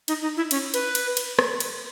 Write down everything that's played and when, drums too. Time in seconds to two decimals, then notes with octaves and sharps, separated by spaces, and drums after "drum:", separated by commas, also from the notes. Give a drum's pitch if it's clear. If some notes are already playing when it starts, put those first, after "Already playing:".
0.08 D#4, drum: cymbal
0.22 D#4
0.37 E4
0.51 C#4, drum: cymbal
0.74 B4, drum: cymbal
0.95 drum: cymbal
1.17 drum: cymbal
1.39 drum: rim click
1.60 drum: cymbal